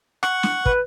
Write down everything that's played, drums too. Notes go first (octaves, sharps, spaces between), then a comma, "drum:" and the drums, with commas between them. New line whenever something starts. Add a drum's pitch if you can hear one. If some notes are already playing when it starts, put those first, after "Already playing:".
F#5 C#6 F#6, drum: rim click
drum: snare
B4, drum: kick